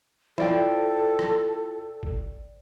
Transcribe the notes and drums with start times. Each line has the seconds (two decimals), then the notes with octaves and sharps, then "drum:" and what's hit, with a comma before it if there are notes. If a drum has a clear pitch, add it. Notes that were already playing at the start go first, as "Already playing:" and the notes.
0.38 E4 F4 A4 C5 D5 G5, drum: snare
1.19 drum: rim click
2.03 drum: kick